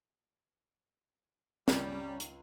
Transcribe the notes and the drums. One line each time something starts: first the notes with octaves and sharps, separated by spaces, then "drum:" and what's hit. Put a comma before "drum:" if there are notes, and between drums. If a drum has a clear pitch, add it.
C#2 G3 C#4, drum: snare
drum: hi-hat